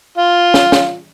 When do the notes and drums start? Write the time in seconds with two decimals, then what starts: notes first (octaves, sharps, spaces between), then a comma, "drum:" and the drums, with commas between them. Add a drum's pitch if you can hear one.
0.18 F4
0.54 drum: snare
0.72 drum: snare